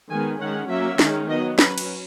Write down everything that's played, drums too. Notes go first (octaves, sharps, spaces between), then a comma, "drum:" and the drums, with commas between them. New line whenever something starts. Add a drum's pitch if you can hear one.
D#3 G#3 B3 G#5
D#3 G#3 C#4 F#5
F#3 A#3 C#4 E5
D#3 G#3 C#4, drum: snare
F#3 B3 D#5
F#3 C#4 B4, drum: snare
drum: cymbal